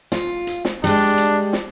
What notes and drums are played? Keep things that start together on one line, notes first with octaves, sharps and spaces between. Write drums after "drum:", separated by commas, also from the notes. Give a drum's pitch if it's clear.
F4, drum: snare
drum: hi-hat
drum: snare
G3 G#3 D4, drum: hi-hat
drum: hi-hat
drum: snare